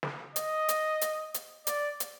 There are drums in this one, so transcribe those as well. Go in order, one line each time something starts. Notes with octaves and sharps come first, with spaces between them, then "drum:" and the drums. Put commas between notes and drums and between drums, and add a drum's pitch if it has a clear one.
drum: snare
D#5, drum: hi-hat
drum: hi-hat
drum: hi-hat
drum: hi-hat
D5, drum: hi-hat
drum: hi-hat